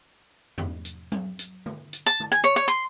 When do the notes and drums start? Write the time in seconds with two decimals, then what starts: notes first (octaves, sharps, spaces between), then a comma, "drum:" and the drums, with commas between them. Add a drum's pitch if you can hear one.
0.58 drum: tom E2
0.85 drum: hi-hat
1.12 drum: tom F#3
1.39 drum: hi-hat
1.66 drum: tom
1.93 drum: hi-hat
2.06 A5
2.20 drum: tom
2.32 G#5
2.44 C#5
2.56 C#5
2.68 C6